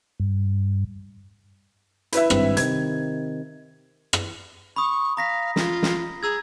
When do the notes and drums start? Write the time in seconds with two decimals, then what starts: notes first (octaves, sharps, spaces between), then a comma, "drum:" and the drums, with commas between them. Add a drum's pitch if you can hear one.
0.20 G2
2.13 E4 B4 E5, drum: hi-hat
2.30 G#1 G2 C4, drum: rim click
2.57 C3 D#3 G#6, drum: hi-hat
4.13 drum: rim click
4.76 B5 C#6 D#6
5.17 F5 A#5 A#6 B6
5.56 F4, drum: snare
5.83 drum: snare
6.23 G#4 A#5 E6 G#6